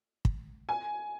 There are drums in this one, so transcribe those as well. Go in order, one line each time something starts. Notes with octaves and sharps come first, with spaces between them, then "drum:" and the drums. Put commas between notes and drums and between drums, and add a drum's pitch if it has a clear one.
drum: kick
G#5